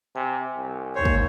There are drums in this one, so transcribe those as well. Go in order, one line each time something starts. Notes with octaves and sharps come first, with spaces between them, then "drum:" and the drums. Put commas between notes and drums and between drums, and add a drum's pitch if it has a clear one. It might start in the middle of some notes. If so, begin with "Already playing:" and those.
C3 G#5
C2
D#2 C5 C#5
drum: kick